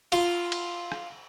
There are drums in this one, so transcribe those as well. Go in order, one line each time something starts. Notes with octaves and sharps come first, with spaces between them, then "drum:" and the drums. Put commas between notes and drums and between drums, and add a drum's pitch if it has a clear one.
F4, drum: cymbal
drum: cymbal
drum: rim click